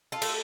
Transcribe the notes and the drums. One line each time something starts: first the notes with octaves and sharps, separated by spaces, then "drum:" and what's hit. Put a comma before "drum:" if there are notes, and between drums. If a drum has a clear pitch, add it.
F4 A4
A3, drum: cymbal